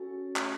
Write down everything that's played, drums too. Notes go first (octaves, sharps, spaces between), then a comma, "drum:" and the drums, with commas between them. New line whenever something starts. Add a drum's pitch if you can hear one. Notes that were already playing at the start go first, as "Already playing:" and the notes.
Already playing: C#4 F#4 A4
A3, drum: clap